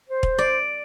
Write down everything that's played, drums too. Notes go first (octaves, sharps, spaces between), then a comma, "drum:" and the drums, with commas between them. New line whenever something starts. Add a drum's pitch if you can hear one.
C5
drum: kick
D5